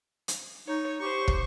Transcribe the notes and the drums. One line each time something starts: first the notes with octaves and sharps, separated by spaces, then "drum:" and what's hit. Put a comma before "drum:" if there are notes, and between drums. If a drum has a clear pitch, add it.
drum: hi-hat
D#4 C#5
G4 C5 C#6
drum: kick